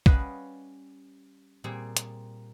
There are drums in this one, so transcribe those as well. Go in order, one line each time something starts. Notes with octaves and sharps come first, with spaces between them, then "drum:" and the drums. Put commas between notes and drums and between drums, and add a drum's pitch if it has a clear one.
G3 C#4 B4 D#5 F5 F#5, drum: kick
A#2 G3 C4 G#4
drum: hi-hat